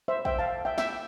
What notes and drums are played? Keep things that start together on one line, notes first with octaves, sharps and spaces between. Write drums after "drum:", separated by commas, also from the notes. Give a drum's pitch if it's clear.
C5 E5
E5 G5, drum: kick
F5 A5
E5 G5
E5 G5, drum: snare